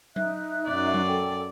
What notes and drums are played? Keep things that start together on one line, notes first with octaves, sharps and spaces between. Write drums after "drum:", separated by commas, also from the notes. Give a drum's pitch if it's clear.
D#4 E5 F#6, drum: tom F#3
F#2 D5
drum: tom F#3
A4 G5